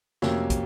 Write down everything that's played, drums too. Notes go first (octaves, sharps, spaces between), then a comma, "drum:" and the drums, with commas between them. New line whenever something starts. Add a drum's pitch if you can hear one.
F2 C3 F#3 A#3 C#4, drum: snare
drum: kick, hi-hat